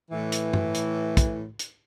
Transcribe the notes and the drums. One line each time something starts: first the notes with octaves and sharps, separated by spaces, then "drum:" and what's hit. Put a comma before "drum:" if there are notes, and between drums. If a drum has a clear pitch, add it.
A2 E3
drum: hi-hat
drum: tom
drum: hi-hat
drum: kick, hi-hat
drum: hi-hat